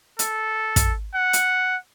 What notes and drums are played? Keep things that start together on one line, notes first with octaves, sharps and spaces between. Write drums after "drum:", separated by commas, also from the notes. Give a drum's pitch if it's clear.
A4, drum: hi-hat
drum: kick, hi-hat
F#5
drum: hi-hat